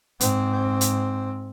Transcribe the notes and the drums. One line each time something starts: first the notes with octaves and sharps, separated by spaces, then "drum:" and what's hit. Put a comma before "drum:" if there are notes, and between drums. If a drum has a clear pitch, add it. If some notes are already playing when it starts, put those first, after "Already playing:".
G#2 C4, drum: hi-hat
drum: hi-hat